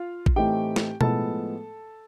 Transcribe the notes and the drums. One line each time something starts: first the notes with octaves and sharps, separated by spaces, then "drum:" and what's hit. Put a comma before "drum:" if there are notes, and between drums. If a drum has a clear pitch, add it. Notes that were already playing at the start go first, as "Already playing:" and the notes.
Already playing: F4 F5
drum: kick A1
A2 E3 A3 C4 D#4 G4 G5
drum: snare
A2 F3 G#3 B3 A4 A5, drum: tom B2